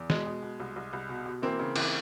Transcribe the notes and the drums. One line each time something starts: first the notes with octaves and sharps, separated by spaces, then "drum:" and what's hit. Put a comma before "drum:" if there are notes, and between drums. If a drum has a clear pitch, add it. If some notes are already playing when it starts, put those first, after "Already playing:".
Already playing: E2
B2 G#3, drum: snare
B2
B2
C2
C2
C2
B2
B2
E3 A#3 C4
C#3
E3, drum: cymbal